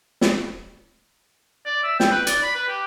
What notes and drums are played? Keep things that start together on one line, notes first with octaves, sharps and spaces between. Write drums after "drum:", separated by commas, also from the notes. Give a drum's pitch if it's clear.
drum: snare
D5
E5
G5, drum: snare
B4
D5, drum: hi-hat
B5
B4
G4